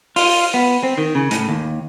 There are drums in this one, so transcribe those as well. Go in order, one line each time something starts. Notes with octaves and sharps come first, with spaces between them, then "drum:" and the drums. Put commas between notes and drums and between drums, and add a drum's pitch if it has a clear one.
F4, drum: open hi-hat
B3
C4
D#3
C#3
A2, drum: hi-hat
D#2